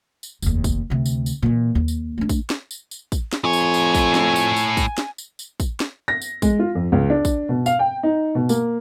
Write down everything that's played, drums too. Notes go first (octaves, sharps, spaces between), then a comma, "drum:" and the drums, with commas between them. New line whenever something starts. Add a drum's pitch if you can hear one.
drum: tambourine
F1 D#2, drum: tambourine
drum: kick, tambourine
D2 C3
drum: tambourine
drum: tambourine
A#2 E3
D#2
drum: tambourine
A3 D4
drum: kick, tambourine
drum: snare
drum: tambourine
drum: tambourine
drum: kick, tambourine
drum: snare
F2 A2 C#5 G#5
drum: tambourine
drum: tambourine
drum: kick, tambourine
drum: snare
drum: tambourine
drum: tambourine
drum: kick, tambourine
drum: snare
drum: tambourine
drum: tambourine
drum: kick, tambourine
drum: snare
A#6
drum: tambourine
G#3, drum: kick, tambourine
F4
F2
C#2
D4
drum: kick, tambourine
B2
F5, drum: tambourine
G5
D#4
B2
A#3, drum: tambourine